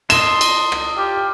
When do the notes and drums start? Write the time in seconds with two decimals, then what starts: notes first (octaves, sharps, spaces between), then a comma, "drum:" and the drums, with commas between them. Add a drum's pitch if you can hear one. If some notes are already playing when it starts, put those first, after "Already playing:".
0.10 A4 D#5 C6 E7, drum: cymbal
0.41 drum: cymbal
0.72 drum: rim click
0.97 F4 G4